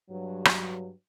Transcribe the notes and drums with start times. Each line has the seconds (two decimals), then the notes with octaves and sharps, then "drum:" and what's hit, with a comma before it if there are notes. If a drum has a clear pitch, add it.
0.10 G2 F#3
0.45 drum: rim click